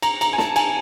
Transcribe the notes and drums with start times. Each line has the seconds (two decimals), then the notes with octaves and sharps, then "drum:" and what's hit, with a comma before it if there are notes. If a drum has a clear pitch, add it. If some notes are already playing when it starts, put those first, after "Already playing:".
0.02 A#5, drum: cymbal
0.21 A#5, drum: cymbal
0.33 G#5
0.38 A5, drum: snare
0.56 G#5, drum: cymbal